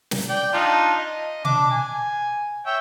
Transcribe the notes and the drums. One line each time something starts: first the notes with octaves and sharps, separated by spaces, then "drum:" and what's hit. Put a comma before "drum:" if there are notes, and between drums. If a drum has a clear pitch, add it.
drum: snare
D5 G5
D4 D#4 F4
D#5
D4 D6, drum: tom B2
G#5
C#5 E5 G5